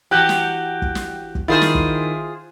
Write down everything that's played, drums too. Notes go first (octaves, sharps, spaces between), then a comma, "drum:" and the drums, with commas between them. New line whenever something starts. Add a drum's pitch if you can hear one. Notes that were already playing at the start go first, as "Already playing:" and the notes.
E3 F#4 G4 G5 F#6 G6
drum: snare
drum: kick
drum: snare
drum: kick
D#3 E4 F4 G#4 C5
drum: snare
drum: kick